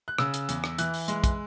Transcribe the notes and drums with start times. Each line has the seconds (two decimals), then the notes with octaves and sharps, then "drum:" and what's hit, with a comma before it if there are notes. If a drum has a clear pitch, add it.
0.08 F#6
0.18 C#3 E6, drum: rim click
0.34 drum: hi-hat
0.49 E2, drum: hi-hat
0.64 drum: rim click
0.78 E3 F#6, drum: hi-hat
0.94 drum: open hi-hat
1.08 G#3, drum: hi-hat
1.24 drum: kick, hi-hat